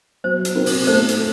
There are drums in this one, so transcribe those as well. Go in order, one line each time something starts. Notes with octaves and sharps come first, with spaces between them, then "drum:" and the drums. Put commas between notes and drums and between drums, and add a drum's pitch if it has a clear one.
F#3 C5
drum: hi-hat
C4 D#4 F#4 A#4
drum: open hi-hat
A3 C5
drum: hi-hat